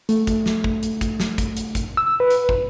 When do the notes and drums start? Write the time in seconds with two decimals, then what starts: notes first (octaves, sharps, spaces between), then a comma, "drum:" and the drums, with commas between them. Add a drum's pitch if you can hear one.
0.09 A3, drum: hi-hat
0.27 drum: kick, hi-hat
0.46 drum: snare
0.64 drum: kick
0.83 drum: hi-hat
1.01 drum: kick, hi-hat
1.20 drum: snare
1.38 drum: kick, hi-hat
1.57 drum: hi-hat
1.75 drum: kick, hi-hat
1.97 E6
2.20 B4
2.30 drum: hi-hat
2.49 drum: kick